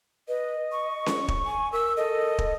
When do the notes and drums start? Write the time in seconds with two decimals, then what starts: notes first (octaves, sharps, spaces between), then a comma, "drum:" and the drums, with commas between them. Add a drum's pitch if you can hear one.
0.28 B4 D#5
0.72 C#6
1.06 drum: snare C#4
1.28 drum: kick
1.46 G#5
1.72 A#4 E6
1.97 A4 D#5
2.38 drum: kick